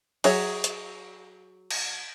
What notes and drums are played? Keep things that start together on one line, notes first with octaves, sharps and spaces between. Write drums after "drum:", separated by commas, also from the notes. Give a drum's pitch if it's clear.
F#3 F#4 G#4 C#5 E5, drum: cymbal
drum: hi-hat
drum: cymbal